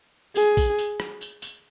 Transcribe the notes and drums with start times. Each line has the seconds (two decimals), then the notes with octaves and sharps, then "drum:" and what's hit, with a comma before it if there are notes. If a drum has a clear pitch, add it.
0.36 G#4, drum: tambourine
0.57 drum: kick A#1, tambourine
0.78 drum: tambourine
1.00 drum: rim click
1.21 drum: tambourine
1.42 drum: tambourine